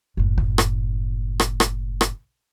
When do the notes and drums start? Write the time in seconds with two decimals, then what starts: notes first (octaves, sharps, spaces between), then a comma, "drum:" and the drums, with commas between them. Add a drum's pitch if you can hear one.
0.17 F#1 A2
0.38 drum: kick
0.58 drum: rim click
1.40 drum: rim click
1.60 drum: rim click
2.01 drum: rim click